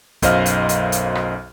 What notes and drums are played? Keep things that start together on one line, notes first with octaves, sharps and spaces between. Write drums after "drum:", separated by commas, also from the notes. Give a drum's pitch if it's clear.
B1 F#2 C5 D#5 F5 F6, drum: kick, hi-hat
drum: hi-hat
drum: hi-hat
drum: hi-hat
drum: rim click